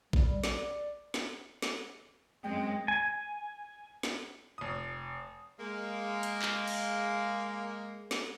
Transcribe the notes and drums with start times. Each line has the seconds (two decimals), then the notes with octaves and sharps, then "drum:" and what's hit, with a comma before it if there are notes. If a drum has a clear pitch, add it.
0.13 G3, drum: kick A1
0.44 D5, drum: snare
1.14 drum: snare
1.62 drum: snare
2.44 F#2 G#3 C4 G5
2.88 G#5
4.03 drum: snare
4.58 F1 D#6
5.59 G#3 A#3
6.23 drum: hi-hat
6.42 drum: clap
6.68 drum: cymbal
8.11 drum: snare